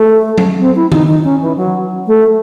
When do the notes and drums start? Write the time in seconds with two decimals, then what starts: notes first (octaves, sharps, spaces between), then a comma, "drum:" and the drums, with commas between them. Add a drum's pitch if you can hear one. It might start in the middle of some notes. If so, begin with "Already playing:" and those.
Already playing: A3
0.38 drum: tom
0.60 C4
0.76 E4
0.92 D#4, drum: tom D#3
1.08 D#4
1.24 C#4
1.41 E3
1.57 F#3
2.07 A3